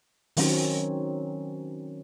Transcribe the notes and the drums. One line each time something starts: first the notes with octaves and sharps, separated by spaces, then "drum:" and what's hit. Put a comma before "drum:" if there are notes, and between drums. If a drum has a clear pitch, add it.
D#3 F#3 C4 C#4, drum: open hi-hat